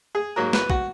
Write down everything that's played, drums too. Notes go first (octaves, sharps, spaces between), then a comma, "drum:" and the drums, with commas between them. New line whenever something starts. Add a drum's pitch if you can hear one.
G#4
G#2 F#3 A#3 A#4
B4, drum: snare
F#4, drum: kick